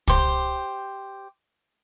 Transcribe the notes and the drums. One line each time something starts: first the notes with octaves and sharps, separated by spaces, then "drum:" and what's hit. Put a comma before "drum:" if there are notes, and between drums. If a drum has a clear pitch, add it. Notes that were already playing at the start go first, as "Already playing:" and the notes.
G4 C5, drum: kick